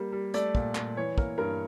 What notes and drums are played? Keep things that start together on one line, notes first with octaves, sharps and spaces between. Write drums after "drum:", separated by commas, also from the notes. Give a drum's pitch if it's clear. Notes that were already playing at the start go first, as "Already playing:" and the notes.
Already playing: G3 A#3
G3
A3 D5, drum: hi-hat
A#2, drum: kick
A#2, drum: clap
E3 C#5
A#3 A#4, drum: kick
G2 A#4